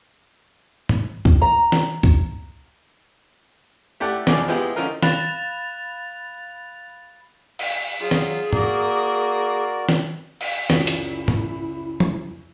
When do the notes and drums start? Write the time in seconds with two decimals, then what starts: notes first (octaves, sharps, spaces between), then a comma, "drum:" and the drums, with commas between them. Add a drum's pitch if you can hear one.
0.89 drum: tom
1.25 drum: kick C#2
1.42 A#5
1.72 drum: snare
2.03 drum: kick C#2
4.00 A3 E4 G4 A4 D5 F#5
4.27 F2 B2 F3 G#4 D5, drum: snare
4.48 G#3 B3 E4 F4 G4
4.76 D3 F3 C#4 D#4 F4 A#4
5.03 F5 B5 F#6 A6 F7, drum: snare
7.59 drum: cymbal
8.00 F#3 F4 G#4
8.11 drum: snare
8.53 A#3 F#4 A#4 D5, drum: tom
9.89 drum: snare
10.41 drum: cymbal
10.70 C#2 F#2 C#3 E4, drum: snare
10.87 drum: hi-hat
11.28 drum: tom
12.00 drum: tom